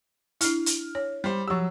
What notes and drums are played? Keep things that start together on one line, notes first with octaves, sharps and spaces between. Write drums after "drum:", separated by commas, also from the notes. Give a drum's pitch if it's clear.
D4 E4 F6, drum: hi-hat
drum: hi-hat
C#5
G3 C5
F3 F#3 G4 E6